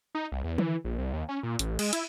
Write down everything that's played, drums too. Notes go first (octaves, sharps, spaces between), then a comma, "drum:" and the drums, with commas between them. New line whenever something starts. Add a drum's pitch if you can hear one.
D#4
C2
E2
E3, drum: tom
A#1
C2
D#2
C#4
A#2
A1, drum: hi-hat
G#3, drum: cymbal
E4, drum: hi-hat